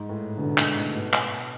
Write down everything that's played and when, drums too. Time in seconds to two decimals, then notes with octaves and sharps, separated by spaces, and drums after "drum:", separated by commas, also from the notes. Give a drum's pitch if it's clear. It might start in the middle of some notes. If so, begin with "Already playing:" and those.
Already playing: G#2
0.09 A2
0.38 B2 D3
0.57 G#2, drum: clap
0.75 A2
0.94 B2
1.13 drum: clap